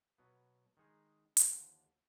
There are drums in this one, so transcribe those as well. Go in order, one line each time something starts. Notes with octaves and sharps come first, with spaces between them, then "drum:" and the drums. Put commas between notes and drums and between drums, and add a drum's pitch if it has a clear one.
B2 F#3 B3
D#3 G#3 D#4 G#4
D#2 D3 F3, drum: hi-hat